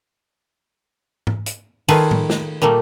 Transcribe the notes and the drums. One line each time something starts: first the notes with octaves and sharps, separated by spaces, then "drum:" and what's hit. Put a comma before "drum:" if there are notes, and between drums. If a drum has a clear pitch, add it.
drum: tom G#2
drum: hi-hat
D#3 A3 F4 G#4 B4, drum: cymbal
drum: tom A2
drum: snare
A#2 G3 A3 A#3